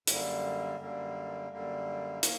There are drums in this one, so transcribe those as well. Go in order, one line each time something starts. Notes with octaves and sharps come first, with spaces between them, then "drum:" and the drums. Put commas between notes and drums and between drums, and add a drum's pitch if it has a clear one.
F#2 D3 G3 A#3, drum: hi-hat
F#2 D3 G3 A#3
F#2 D3 G3 A#3
A#3, drum: hi-hat